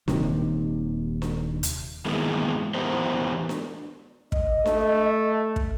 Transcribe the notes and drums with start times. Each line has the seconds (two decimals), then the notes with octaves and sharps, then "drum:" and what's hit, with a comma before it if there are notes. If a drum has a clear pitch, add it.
0.08 D#1 D#2 C3 D#3, drum: snare D4
1.22 drum: snare D4
1.63 drum: hi-hat
2.05 D#3 E3 G#3 A#3 B3
2.74 E3 B3 G4 A#4 C5
3.49 drum: snare D4
4.32 D#5, drum: kick
4.66 A3, drum: snare D4
5.56 drum: kick